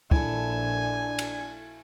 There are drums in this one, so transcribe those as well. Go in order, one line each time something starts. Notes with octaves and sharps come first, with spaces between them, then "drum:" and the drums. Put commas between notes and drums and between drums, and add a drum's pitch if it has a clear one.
A#1 D4 E4 A4 G#5, drum: kick
drum: cymbal